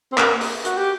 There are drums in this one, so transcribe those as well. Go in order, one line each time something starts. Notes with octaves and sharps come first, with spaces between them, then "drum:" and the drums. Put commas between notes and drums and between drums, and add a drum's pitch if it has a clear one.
C4
A#3, drum: clap
drum: open hi-hat
F#4, drum: hi-hat
G4